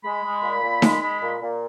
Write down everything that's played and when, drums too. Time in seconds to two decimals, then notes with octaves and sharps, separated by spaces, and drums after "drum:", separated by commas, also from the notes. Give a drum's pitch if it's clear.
0.04 G#3 B5
0.24 G#3
0.43 A#2
0.63 A#2
0.82 G#3, drum: snare D#4
1.02 G#3
1.21 A#2
1.41 A#2